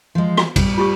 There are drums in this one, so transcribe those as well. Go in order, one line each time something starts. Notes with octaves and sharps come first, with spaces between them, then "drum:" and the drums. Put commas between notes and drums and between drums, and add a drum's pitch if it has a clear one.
F3 G#3
drum: rim click
G3, drum: kick, cymbal
F4 G4 C#6